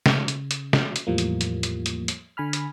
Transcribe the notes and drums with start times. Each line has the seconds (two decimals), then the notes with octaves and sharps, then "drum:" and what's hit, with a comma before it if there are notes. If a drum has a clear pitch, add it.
0.06 C#3, drum: snare
0.28 drum: hi-hat
0.51 drum: hi-hat
0.73 drum: snare
0.96 drum: hi-hat
1.07 E2 A2 F3 G3 A#3
1.18 drum: hi-hat
1.41 drum: hi-hat
1.63 drum: hi-hat
1.86 drum: hi-hat
2.08 drum: hi-hat
2.37 D3 G#5 B5 F6
2.53 drum: hi-hat